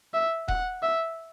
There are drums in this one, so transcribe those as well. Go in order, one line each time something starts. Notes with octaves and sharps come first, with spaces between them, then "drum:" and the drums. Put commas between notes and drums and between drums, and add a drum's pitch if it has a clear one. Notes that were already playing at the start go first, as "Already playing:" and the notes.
E5
F#5, drum: kick D#1
E5